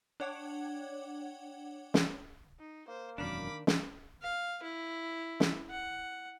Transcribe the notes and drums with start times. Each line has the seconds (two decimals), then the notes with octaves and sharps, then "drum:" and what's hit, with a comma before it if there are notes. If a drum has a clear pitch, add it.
0.20 D4 C#5 F#5 G5 D6 G#6
1.94 drum: snare
2.59 D#4
2.88 A#3 C5
3.18 E1 F#2 D#3 D4 B5 D6
3.67 drum: snare
4.22 F5
4.63 E4
5.40 drum: snare
5.70 F#5